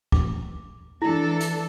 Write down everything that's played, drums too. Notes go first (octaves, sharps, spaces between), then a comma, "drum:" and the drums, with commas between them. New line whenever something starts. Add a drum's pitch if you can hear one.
D6, drum: kick
E3 D4 E4 A4
drum: hi-hat